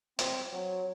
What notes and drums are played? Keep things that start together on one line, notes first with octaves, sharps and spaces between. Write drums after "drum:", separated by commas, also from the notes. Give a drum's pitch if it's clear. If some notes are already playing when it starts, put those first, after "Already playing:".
C4, drum: hi-hat
F#3